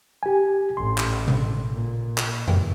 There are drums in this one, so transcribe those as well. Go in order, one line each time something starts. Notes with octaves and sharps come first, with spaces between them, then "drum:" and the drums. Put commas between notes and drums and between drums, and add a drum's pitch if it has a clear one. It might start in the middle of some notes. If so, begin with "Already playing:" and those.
G4 G#5
A1 C6
drum: clap
drum: tom B2
A#2
drum: clap
drum: tom F2